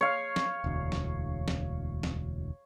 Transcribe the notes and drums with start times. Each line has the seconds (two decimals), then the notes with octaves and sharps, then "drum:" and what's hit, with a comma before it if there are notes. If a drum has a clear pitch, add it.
0.01 C#5 F5
0.36 drum: snare
0.64 E1 D2
0.92 drum: snare
1.48 drum: snare
2.03 drum: snare